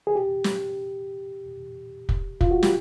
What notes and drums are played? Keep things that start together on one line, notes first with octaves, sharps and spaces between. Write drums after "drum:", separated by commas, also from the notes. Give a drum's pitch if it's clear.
G#4
G4
drum: snare
drum: kick
F4, drum: kick
F#4
G4, drum: snare